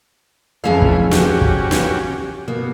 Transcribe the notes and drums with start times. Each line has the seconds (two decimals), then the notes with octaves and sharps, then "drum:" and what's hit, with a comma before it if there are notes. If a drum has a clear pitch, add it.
0.64 F2 E3 G#3 A3 C#4 F5
0.82 drum: kick
1.11 C#4 F#4 G4, drum: snare
1.41 drum: kick
1.71 drum: snare
2.48 B2 A#3